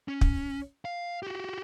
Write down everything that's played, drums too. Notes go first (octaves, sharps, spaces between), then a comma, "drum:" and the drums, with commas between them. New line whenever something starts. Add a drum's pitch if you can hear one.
C#4
drum: kick
F5
F#4 G4